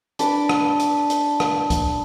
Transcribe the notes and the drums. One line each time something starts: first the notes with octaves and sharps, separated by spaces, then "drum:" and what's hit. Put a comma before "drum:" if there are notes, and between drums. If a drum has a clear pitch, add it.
D4 B4 D5, drum: hi-hat
drum: rim click
drum: hi-hat
drum: hi-hat
drum: rim click
drum: kick C#2, hi-hat